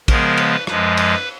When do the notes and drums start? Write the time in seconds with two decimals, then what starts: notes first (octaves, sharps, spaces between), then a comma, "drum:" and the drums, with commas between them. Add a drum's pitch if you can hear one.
0.08 C#3 F3 G#3 B3 A#4, drum: kick A#1, cymbal
0.37 B4, drum: cymbal
0.67 F#2 F3 G#3 B4, drum: rim click
0.97 B4, drum: cymbal